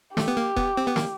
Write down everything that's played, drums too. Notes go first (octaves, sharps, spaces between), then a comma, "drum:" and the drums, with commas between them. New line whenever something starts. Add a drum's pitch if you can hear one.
A3 G4, drum: snare
B3
A#3
B3, drum: kick E1
C4
B3
A#3, drum: snare